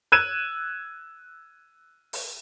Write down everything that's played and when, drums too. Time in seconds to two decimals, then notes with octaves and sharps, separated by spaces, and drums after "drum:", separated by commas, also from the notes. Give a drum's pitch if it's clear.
0.12 E6 F#6 G#6 D#7 E7
2.13 drum: open hi-hat